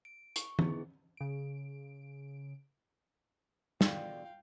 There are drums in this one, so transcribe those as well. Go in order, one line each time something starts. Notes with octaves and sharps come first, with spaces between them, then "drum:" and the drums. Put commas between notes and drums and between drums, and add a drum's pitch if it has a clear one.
D7
C#6, drum: hi-hat
D3 B3 D#4 E4 G#4, drum: tom E3
C#3 D7
E2 B2 D3 F4 D5 F5 G5, drum: snare